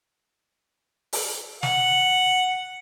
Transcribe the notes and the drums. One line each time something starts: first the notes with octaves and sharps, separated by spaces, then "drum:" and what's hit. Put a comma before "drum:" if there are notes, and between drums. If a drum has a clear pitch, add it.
drum: open hi-hat
F#5, drum: snare